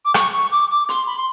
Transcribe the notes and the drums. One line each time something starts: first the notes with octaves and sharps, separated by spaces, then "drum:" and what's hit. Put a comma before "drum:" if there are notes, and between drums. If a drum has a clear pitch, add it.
D6
C#6, drum: rim click
C#6
D6
D6
C6, drum: hi-hat
B5
C6